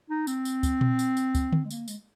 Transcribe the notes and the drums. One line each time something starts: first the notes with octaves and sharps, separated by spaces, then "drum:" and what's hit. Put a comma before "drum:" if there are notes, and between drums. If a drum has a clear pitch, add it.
D#4
C4, drum: tambourine
drum: tambourine
drum: kick, tambourine
drum: tom A#2
drum: tambourine
drum: tambourine
drum: kick, tambourine
drum: tom D3
G#3
A#3, drum: tambourine
G#3, drum: tambourine